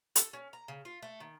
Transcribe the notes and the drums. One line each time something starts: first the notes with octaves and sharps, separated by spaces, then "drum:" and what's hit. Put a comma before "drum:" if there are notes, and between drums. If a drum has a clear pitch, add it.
A4, drum: hi-hat
C#4
A#5
C#3
F4
A3
D#3